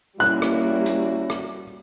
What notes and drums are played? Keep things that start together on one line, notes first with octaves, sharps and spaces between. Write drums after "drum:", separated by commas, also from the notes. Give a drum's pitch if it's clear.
D#2 G3 A#3 C#4 E4 F#4 F#6
drum: rim click
drum: hi-hat
drum: rim click